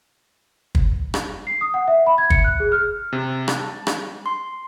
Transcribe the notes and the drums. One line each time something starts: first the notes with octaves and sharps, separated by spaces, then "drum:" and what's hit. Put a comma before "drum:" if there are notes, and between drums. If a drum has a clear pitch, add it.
drum: kick
drum: rim click
C7
D#6
F#5
E5
B5
G#6
C#7, drum: kick
F#6
G#4
F6
C3
drum: rim click
A5
drum: rim click
C6